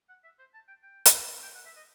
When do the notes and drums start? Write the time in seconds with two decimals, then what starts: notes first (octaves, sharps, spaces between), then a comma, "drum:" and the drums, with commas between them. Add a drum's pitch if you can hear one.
0.09 F#5
0.24 E5
0.39 C5
0.54 A5
0.68 G5
0.83 G5
1.05 drum: hi-hat
1.42 G5
1.54 F#5
1.65 E5
1.76 D#5